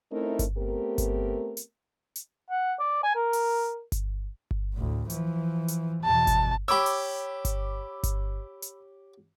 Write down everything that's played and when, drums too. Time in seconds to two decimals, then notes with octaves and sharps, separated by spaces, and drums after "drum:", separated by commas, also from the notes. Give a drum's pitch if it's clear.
0.11 A3 C4 C#4 D#4 E4 A#4
0.39 drum: kick G1, hi-hat
0.57 A3 B3 C4 G4 A#4
0.98 drum: kick G1, hi-hat
1.57 drum: hi-hat
2.16 drum: hi-hat
2.50 F#5
2.79 D5
3.04 G#5
3.15 A#4
3.33 drum: open hi-hat
3.92 drum: kick G1, hi-hat
4.51 drum: kick G1
4.74 D2 A2
5.10 E3 F3, drum: hi-hat
5.68 drum: hi-hat
6.05 E2 B2 A5
6.27 drum: kick G1, hi-hat
6.68 G4 C#5 B5 D6 E6
6.86 drum: open hi-hat
7.45 drum: kick G1, hi-hat
8.03 drum: kick G1, hi-hat
8.62 drum: hi-hat